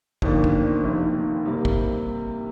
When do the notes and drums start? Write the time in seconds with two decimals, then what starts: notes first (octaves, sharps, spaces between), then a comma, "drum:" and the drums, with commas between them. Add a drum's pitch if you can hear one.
0.22 G1 F2 D#3 A#3 D4, drum: kick
0.44 drum: kick
0.83 F1 D#2 D#3
1.45 C3 G3 A#3
1.65 drum: kick